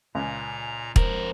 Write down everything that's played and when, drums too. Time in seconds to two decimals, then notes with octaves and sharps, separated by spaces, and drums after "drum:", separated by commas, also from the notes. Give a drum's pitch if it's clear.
0.15 C#2 A#2 G#5 A#5
0.96 F2 G#3 A#4 C5, drum: kick